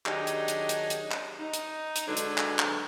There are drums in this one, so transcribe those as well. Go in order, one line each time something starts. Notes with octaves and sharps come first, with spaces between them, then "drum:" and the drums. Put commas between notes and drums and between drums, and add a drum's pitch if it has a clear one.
D#3 F#3 D4 D#4 G4 G#4, drum: clap
drum: hi-hat
drum: hi-hat
drum: hi-hat
drum: hi-hat
drum: clap
D#4
drum: hi-hat
drum: hi-hat
D3 F#3 G#3 D4 A4 B4
drum: hi-hat
drum: clap
drum: clap